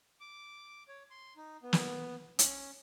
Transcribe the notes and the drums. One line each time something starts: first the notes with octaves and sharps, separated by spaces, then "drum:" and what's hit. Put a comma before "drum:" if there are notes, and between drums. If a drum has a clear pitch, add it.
D6
C#5
C6
D#4
B3
drum: snare
C#4, drum: hi-hat